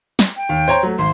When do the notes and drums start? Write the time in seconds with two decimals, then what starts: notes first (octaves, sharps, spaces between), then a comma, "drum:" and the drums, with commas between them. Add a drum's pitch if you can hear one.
0.19 drum: snare
0.36 G5
0.49 D#2
0.68 C5 C#5 A#5
0.83 F#3 A3
0.98 G#1 C6